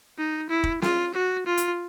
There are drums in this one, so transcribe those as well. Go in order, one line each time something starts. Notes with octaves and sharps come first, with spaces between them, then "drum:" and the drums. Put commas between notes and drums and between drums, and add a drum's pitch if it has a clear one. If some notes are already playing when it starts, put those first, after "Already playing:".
D#4
E4
drum: kick
F4, drum: snare
F#4
F4
drum: hi-hat